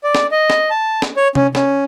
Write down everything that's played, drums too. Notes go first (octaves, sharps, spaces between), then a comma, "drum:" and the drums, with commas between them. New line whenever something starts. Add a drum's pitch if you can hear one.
D5
drum: snare
D#5
drum: snare
A5
drum: snare
C#5
C#4, drum: tom C3
C#4, drum: snare